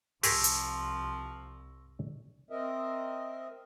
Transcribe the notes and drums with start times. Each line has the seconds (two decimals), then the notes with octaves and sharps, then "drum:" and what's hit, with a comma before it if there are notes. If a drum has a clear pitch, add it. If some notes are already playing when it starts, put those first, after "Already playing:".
0.23 C2 F3 G4 G#4 A#4 C#6 E6 A#6, drum: open hi-hat
0.44 drum: hi-hat
2.50 C4 A#4 D#5 E5